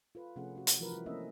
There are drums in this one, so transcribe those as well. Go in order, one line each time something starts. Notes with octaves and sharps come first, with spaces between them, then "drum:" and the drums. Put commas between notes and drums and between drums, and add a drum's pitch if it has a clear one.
F4 A4 B4
C3 F3 A3 C#4 G#4 F#5
C#4 F#4
drum: hi-hat
E3 F3 F#4 G4 A#4 B4
G3 E4
A3 A#3 C4 C#4 D#5 E5